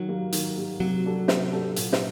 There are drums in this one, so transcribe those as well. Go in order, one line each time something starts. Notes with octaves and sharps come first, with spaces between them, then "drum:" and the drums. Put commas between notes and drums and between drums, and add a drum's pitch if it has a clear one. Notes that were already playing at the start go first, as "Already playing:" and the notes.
Already playing: D#3 F#3
G3 A#3
D#3, drum: hi-hat
G3 A#3
C3 F#3
G3 D4 F#4 A4
C3, drum: snare
G3 D4 F#4 A4
A#2, drum: hi-hat
drum: snare